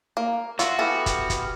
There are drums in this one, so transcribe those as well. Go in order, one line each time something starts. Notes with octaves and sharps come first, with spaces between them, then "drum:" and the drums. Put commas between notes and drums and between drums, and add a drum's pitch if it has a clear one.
A#3
F4 F#4 E5 E6, drum: hi-hat
E3 B3 G4 A4 F6
drum: kick, hi-hat
drum: kick, hi-hat